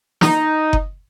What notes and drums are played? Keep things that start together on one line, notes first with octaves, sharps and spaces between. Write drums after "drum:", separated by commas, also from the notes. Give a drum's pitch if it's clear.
D#4, drum: snare
drum: kick F#1